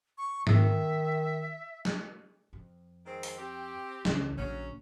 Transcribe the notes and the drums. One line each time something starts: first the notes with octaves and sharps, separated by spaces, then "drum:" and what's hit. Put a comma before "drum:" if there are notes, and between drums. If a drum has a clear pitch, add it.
C#6
D#3 E5, drum: tom G#2
drum: snare
F2
D#3 G#3 C4
drum: open hi-hat
C4 G4
C#2 E3, drum: snare
A#1 D3 F#3 C#4